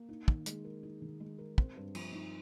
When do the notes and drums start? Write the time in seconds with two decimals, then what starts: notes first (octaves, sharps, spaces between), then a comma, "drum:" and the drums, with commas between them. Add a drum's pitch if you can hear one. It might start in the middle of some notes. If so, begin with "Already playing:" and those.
Already playing: A#3
0.09 D#4
0.28 D#3, drum: kick
0.46 G#3, drum: hi-hat
0.65 A#4
0.83 D#4
1.02 D#3
1.20 G#3
1.38 A#4
1.58 C4, drum: kick
1.76 G2
1.95 F3, drum: cymbal
2.13 D#4